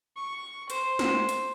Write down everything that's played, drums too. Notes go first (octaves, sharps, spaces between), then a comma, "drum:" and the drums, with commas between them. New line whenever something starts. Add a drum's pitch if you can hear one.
C#6
C5, drum: hi-hat
drum: snare
drum: hi-hat